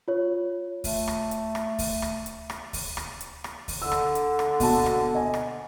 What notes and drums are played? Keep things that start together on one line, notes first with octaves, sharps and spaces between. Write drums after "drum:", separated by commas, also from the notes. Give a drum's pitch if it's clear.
F4 C#5
A3, drum: kick D2, open hi-hat
drum: rim click
drum: hi-hat
drum: rim click
drum: kick D2, open hi-hat
drum: rim click
drum: hi-hat
drum: rim click
drum: kick D2, open hi-hat
drum: rim click
drum: hi-hat
drum: rim click
drum: kick D2, open hi-hat
D3 E6
drum: rim click
drum: hi-hat
drum: rim click
B2 F#4 A5, drum: kick D2, open hi-hat
drum: rim click
D#5 G#5
drum: rim click